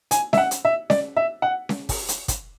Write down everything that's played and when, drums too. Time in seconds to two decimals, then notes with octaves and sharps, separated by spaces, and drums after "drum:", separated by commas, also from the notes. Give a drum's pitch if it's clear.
0.11 G#5, drum: hi-hat
0.33 E5, drum: snare C#4
0.37 F#5
0.51 drum: hi-hat
0.65 E5
0.90 D5, drum: snare C#4
1.17 E5
1.42 F#5
1.69 drum: snare C#4
1.89 drum: kick, open hi-hat
2.09 drum: hi-hat
2.28 drum: kick, hi-hat